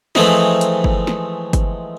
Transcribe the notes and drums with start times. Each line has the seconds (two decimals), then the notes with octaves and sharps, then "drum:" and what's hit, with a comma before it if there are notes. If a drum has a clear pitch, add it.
0.15 E3 F3 G#3 A3 C4 D#4, drum: snare
0.61 drum: hi-hat
0.84 drum: kick G1
1.07 drum: snare
1.53 drum: kick G1, hi-hat